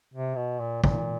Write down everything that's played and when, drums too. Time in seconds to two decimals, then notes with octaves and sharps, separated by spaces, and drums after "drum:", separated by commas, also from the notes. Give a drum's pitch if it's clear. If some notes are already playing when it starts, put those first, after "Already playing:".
0.14 C3
0.36 B2
0.60 A#2
0.84 A#2, drum: kick